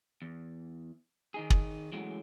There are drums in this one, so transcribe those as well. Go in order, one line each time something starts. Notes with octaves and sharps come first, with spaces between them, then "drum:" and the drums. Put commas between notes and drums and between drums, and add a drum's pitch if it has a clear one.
E2
D#3 D#4 G#4
drum: kick
E3 F#3 G#3 A3 C#4 F#4